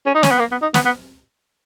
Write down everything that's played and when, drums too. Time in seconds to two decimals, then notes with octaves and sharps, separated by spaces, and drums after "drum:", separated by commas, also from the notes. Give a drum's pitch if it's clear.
0.06 C#4
0.15 D#4
0.23 C#4, drum: snare
0.31 B3
0.39 A#3
0.51 B3
0.62 D#4
0.74 B3, drum: snare
0.85 B3